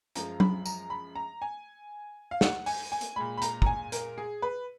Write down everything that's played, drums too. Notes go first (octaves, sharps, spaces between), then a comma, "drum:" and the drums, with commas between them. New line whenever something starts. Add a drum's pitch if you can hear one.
F#2 F3 G#3 A#5, drum: hi-hat
B5, drum: tom F#3
A#5, drum: tambourine
B5
A#5
G#5
F5
F#5, drum: snare
G#5, drum: open hi-hat
G#5
drum: hi-hat
A#2 G#3 B5
B5
A#5, drum: hi-hat
A#5, drum: kick
G#5
A#4, drum: hi-hat
G#4
B4